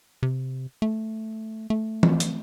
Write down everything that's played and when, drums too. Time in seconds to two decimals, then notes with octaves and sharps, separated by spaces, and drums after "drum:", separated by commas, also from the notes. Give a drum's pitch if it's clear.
0.23 C3
0.82 A3
1.70 A3
2.03 drum: tom E3
2.20 drum: hi-hat